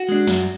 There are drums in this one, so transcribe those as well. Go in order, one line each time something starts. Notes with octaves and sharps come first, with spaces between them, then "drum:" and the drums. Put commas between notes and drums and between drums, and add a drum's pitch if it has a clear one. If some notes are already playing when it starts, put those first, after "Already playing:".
Already playing: F#4
G#3 D4
F#2, drum: snare